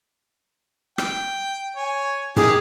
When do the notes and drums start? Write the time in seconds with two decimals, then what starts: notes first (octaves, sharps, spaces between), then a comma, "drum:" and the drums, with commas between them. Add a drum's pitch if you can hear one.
0.98 G5, drum: rim click
1.76 C#5 G#5
2.36 D#3 G4 G#4, drum: tom F#2